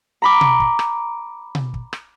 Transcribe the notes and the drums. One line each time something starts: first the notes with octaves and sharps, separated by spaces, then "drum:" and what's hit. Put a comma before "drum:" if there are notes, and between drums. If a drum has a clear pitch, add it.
A#5 B5 D6
drum: tom B2
drum: kick
drum: rim click
drum: tom B2
drum: kick
drum: rim click